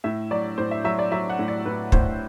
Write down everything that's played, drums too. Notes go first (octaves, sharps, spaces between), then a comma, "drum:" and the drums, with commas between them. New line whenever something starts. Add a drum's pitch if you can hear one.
A2 E5
F#3 D5
A2 C5
E5
F#3 E5
D5
F#3 E5
F#5
A2
D5
A2 B4
A2 C5, drum: kick